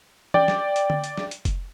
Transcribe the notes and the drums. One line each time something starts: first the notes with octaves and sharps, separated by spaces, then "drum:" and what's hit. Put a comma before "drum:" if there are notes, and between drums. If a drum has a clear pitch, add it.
D5 G5, drum: tom E3
drum: snare
drum: hi-hat
drum: tom D3
drum: hi-hat
drum: snare
drum: hi-hat
drum: kick F1, hi-hat